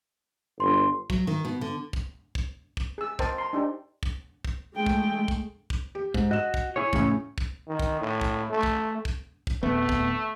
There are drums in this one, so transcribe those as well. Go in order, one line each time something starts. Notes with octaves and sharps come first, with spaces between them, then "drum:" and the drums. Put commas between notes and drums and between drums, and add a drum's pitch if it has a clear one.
G1 C6
F#3, drum: kick
D#3
B2
D3
drum: kick
drum: kick
drum: kick
G#4 E6
A#4 C5 D#5 G5 A5 C6, drum: kick
A#5 C6
D4 D#4 G4 C5
drum: kick
drum: kick
G#3 A3 G5
drum: kick
drum: kick
drum: kick
G4
G#2, drum: kick
F#4 D#5 E7
drum: kick
E4 G#4 C#5
A2 C#3 C#4, drum: kick
drum: kick
D#3
drum: kick
A2
drum: kick
A3
drum: kick
drum: kick
drum: kick
D1 A3 B3
drum: kick